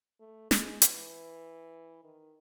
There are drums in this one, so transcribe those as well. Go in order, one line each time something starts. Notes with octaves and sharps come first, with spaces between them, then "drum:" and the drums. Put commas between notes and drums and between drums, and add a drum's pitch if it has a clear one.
A3
G#3, drum: snare
E3, drum: hi-hat
D#3